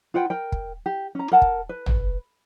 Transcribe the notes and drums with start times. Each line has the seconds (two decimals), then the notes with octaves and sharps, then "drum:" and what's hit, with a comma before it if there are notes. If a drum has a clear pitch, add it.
0.14 F4 B4 F#5 G5
0.30 A#4 G5
0.52 drum: kick
0.86 G4
1.15 C#4 A#5
1.32 A#4 F#5 A5
1.42 drum: kick
1.69 B4
1.86 drum: tom